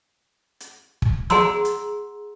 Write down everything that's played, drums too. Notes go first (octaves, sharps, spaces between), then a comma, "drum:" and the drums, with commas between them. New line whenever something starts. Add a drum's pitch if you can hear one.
drum: hi-hat
drum: kick
G#4 F#5 A#5 C6 E6, drum: snare
drum: hi-hat